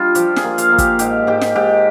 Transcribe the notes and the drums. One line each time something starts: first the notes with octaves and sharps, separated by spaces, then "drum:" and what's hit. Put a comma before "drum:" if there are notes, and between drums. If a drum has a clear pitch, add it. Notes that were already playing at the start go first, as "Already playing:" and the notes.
Already playing: G3 D4 F4
F3 G4, drum: hi-hat
G#4, drum: snare
A#3
F5, drum: hi-hat
A#3
G4, drum: kick, hi-hat
G#2 G4, drum: hi-hat
G#2 G4
drum: snare
G#2 G4